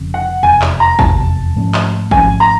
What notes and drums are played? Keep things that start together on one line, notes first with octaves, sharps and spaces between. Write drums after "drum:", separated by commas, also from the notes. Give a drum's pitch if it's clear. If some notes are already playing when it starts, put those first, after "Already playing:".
Already playing: F1 F2 C#3
F#5
F1 E2 C3 G#5
drum: clap
A#5
F1 E2 C3 A5, drum: kick G#1
G#2 F3 A3 C#4
drum: clap
G#2 F3 A3 C#4 G#5, drum: kick G#1
A#5